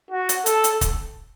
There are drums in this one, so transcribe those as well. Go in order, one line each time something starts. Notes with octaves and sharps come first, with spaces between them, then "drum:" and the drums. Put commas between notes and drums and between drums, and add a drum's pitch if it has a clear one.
F#4
drum: hi-hat
A4, drum: hi-hat
drum: hi-hat
drum: kick, hi-hat